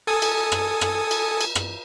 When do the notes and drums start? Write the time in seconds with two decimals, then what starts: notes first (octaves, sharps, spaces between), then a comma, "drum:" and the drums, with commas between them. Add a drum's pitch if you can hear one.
0.07 A4 G#5 D#6
0.22 drum: cymbal
0.52 drum: rim click
0.81 drum: rim click
1.11 drum: cymbal
1.41 drum: cymbal
1.55 drum: rim click